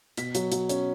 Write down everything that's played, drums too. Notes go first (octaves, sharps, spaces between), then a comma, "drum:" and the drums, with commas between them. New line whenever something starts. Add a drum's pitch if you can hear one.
B2 B6, drum: hi-hat
F#3, drum: hi-hat
F#3, drum: hi-hat
C#4, drum: hi-hat